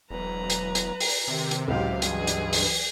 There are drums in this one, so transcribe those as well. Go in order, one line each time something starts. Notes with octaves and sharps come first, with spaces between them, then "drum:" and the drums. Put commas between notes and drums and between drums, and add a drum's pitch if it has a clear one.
E1 F#3 B4 A#5
drum: hi-hat
drum: hi-hat
drum: open hi-hat
C3 D#3
drum: hi-hat
C#2 A2 F#3 G4 F5
G2 E3 G#4, drum: hi-hat
drum: hi-hat
drum: open hi-hat